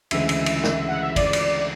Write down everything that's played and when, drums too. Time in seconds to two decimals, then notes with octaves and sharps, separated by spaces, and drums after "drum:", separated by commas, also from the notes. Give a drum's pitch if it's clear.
0.11 D2 C#3 E3 G#3 E5, drum: cymbal
0.29 drum: cymbal
0.46 drum: cymbal
0.64 drum: snare
0.88 F#5
1.01 E5
1.16 D5, drum: kick, cymbal
1.33 drum: cymbal